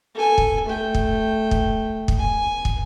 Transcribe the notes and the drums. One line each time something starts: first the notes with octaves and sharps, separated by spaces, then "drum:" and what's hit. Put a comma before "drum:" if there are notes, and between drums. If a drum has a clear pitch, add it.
A4 G#5
drum: kick
A3 G5
drum: kick
drum: kick
drum: kick
G#5
drum: kick